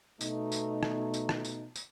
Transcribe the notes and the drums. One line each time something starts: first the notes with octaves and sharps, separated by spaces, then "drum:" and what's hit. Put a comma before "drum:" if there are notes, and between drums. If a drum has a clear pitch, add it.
B2 A3 D#4, drum: tambourine
drum: tambourine
drum: rim click
drum: tambourine
drum: rim click
drum: tambourine
drum: tambourine